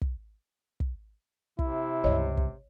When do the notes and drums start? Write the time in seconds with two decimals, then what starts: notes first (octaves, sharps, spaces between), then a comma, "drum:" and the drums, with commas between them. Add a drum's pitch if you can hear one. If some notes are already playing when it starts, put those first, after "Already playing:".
0.01 drum: kick
0.80 drum: kick
1.59 C3 E4, drum: kick
2.04 C#2 G2 C#5 D#5
2.37 drum: kick